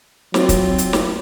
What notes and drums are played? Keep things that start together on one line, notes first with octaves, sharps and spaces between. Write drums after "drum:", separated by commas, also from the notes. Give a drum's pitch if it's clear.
F#3 C4 F4, drum: snare
drum: kick, hi-hat
drum: hi-hat
drum: snare